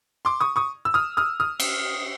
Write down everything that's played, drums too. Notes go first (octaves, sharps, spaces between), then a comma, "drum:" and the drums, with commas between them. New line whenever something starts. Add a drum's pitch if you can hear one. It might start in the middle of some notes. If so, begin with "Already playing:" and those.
C6 D6
C#6 D#6
C#6 D#6
E6
D#6 F6
D#6 F6
D#6 F6
drum: cymbal